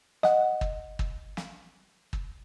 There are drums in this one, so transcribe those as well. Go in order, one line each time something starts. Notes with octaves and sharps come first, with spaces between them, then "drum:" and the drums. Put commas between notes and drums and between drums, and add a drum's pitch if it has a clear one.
D#5 F#5, drum: snare
drum: kick
drum: kick
drum: snare
drum: kick